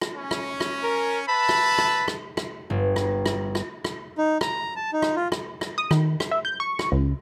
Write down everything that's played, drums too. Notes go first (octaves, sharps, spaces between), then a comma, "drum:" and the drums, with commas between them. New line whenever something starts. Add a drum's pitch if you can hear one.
drum: rim click
C#4
drum: rim click
drum: rim click
A#4
B4 E5 A5 B5
drum: rim click
drum: rim click
drum: rim click
drum: rim click
G1
drum: rim click
drum: rim click
drum: rim click
drum: rim click
D#4
A#5, drum: rim click
A5
D#4
drum: rim click
F4
drum: rim click
drum: rim click
D#6
D#3, drum: rim click
drum: rim click
E5
G6
C#6
drum: rim click
C#2